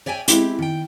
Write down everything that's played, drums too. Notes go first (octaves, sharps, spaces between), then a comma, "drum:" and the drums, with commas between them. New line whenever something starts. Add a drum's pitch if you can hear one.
C#5 D5 E5 G5 G#5
G#3 C4 E4 G4, drum: hi-hat
D#3 G5